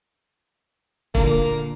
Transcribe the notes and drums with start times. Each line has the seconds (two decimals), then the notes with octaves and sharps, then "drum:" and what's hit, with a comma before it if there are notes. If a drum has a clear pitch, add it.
1.15 A#2 D3 A#3, drum: kick E1